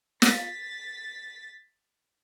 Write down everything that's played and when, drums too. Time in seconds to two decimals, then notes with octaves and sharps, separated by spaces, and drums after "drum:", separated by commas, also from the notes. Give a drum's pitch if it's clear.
0.22 A6 B6, drum: snare